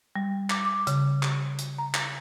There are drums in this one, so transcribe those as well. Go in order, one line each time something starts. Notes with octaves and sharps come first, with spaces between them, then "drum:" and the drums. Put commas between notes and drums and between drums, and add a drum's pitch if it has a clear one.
G3
D6, drum: clap
D6
C#3, drum: hi-hat
drum: clap
drum: hi-hat
A#5
drum: clap